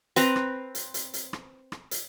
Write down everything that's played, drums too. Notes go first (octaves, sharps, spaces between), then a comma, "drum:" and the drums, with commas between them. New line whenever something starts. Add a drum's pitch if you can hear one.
C4 B4 A#5, drum: hi-hat
drum: rim click
drum: hi-hat
drum: hi-hat
drum: hi-hat
drum: rim click
drum: rim click
drum: hi-hat